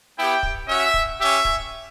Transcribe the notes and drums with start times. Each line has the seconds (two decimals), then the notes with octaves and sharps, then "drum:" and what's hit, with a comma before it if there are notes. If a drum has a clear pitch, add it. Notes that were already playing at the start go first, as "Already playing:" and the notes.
0.17 B3 E4 G4 G5
0.43 drum: kick
0.68 C#4 F#4 E5
0.94 drum: kick
1.19 C#4 G4 E5
1.45 drum: kick